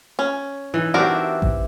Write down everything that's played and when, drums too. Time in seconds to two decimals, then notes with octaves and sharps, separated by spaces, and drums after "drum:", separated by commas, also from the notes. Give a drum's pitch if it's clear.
0.19 C#4
0.74 E3 D#4
0.94 C4 D4 F#4 G4 A#4
1.14 E5
1.42 drum: kick A1